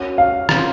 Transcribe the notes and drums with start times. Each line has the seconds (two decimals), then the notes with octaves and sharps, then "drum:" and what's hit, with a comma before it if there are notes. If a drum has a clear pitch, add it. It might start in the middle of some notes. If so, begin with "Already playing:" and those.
Already playing: F#3 A#3 C#4 F#4 C#5
0.18 F5
0.49 C#4 F4 C5, drum: rim click